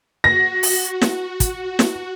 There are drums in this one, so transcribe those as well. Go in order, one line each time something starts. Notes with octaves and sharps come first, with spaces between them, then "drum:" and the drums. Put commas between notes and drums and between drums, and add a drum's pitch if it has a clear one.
F#4 A#6
drum: open hi-hat
drum: snare
drum: kick, hi-hat
drum: snare